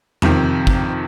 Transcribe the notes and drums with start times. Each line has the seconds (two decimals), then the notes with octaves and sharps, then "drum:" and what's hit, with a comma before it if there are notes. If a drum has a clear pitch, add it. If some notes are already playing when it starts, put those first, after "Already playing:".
0.22 F2 C3 D#3, drum: tom E2
0.67 drum: kick